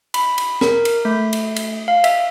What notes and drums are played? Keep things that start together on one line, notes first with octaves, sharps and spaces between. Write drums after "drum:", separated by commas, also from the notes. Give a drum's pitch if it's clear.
B5, drum: cymbal
drum: cymbal
A#4, drum: snare
drum: cymbal
A3
drum: cymbal
drum: cymbal
F5
E5, drum: cymbal